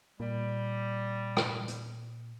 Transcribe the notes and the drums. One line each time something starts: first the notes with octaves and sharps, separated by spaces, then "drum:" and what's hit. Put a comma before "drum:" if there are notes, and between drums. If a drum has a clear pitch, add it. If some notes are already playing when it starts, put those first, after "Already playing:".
A#2 G3
drum: rim click
drum: hi-hat